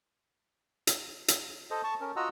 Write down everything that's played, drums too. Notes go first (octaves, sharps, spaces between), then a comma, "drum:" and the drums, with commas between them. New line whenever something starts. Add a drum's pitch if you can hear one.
drum: hi-hat
drum: hi-hat
A4 C5 D#5
A5 C#6
C#4 A#4
F4 F#4 D#5 F#5 A#5 E6